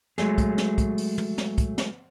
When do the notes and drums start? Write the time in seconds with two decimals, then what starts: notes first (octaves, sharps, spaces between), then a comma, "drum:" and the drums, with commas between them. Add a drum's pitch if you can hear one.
0.18 F#3 G#3 A3 G#4, drum: snare
0.38 drum: kick, hi-hat
0.58 drum: snare
0.78 drum: kick, hi-hat
0.98 drum: open hi-hat
1.18 drum: tom
1.38 drum: snare
1.58 drum: kick, hi-hat
1.78 drum: snare